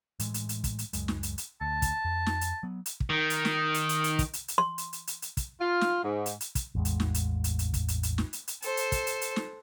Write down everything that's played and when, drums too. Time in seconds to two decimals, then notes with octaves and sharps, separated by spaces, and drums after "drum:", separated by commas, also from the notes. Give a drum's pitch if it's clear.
0.20 A2 E3 G#3, drum: hi-hat
0.34 drum: hi-hat
0.49 drum: hi-hat
0.64 drum: kick, hi-hat
0.79 drum: hi-hat
0.93 C#2 F#2 G#3, drum: hi-hat
1.08 drum: snare
1.23 drum: hi-hat
1.38 drum: hi-hat
1.61 D2 A5
1.82 drum: kick, hi-hat
2.05 F2
2.26 drum: snare
2.41 drum: hi-hat
2.63 F#3 B3
2.86 drum: hi-hat
3.00 drum: kick
3.10 D#3
3.30 drum: hi-hat
3.45 drum: snare
3.74 drum: hi-hat
3.89 drum: hi-hat
4.04 drum: hi-hat
4.19 drum: kick, hi-hat
4.33 drum: hi-hat
4.48 drum: hi-hat
4.58 C6
4.78 drum: hi-hat
4.93 drum: hi-hat
5.07 drum: hi-hat
5.22 drum: hi-hat
5.37 drum: kick, hi-hat
5.60 F4
5.81 drum: snare
6.03 G#2
6.26 drum: hi-hat
6.40 drum: hi-hat
6.55 drum: kick, hi-hat
6.75 A1 E2 G#3
6.85 drum: hi-hat
7.00 drum: snare
7.14 drum: hi-hat
7.44 drum: hi-hat
7.59 drum: hi-hat
7.74 drum: kick, hi-hat
7.88 drum: hi-hat
8.03 drum: hi-hat
8.18 drum: snare
8.33 drum: hi-hat
8.48 drum: hi-hat
8.62 A4 C5, drum: hi-hat
8.77 drum: hi-hat
8.92 drum: kick, hi-hat
9.07 drum: hi-hat
9.21 drum: hi-hat
9.36 drum: snare